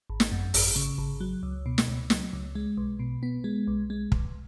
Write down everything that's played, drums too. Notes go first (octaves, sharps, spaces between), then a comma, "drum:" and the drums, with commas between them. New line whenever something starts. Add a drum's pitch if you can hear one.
G#1
drum: snare
F#2
G#1, drum: open hi-hat
C#3
G#1
F#3
C#2
B2
drum: snare
C#2
F#3, drum: snare
C#2
G#3
B1
B2
B3
G#3
B1
G#3
B1, drum: kick